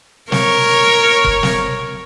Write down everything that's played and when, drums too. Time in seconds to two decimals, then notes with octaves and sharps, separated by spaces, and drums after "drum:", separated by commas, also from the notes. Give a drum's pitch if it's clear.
0.32 A#4 C#5, drum: snare
1.24 drum: kick F#1
1.43 drum: snare